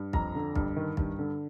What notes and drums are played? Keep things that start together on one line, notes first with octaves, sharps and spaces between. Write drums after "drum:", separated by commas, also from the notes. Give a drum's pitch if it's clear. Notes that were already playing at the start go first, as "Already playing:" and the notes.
Already playing: G2
F2 A#5, drum: kick
D3
G2, drum: kick
D#3
G2, drum: kick
D3